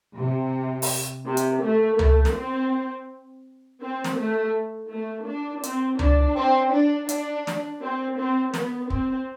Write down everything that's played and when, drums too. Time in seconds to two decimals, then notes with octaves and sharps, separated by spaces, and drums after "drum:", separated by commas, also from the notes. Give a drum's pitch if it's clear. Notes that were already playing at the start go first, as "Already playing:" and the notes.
0.18 C3
0.82 drum: open hi-hat
1.27 C3
1.37 drum: hi-hat
1.64 A3
1.99 A3, drum: tom C#2
2.25 drum: snare
2.36 C4
3.82 C4
4.04 drum: snare
4.18 A3
4.91 A3
5.27 D4
5.63 C4, drum: hi-hat
5.99 D4, drum: tom C#2
6.37 C4
6.73 D4
7.09 D4, drum: hi-hat
7.47 drum: snare
7.81 C4
8.18 C4
8.54 B3, drum: snare
8.90 C4, drum: kick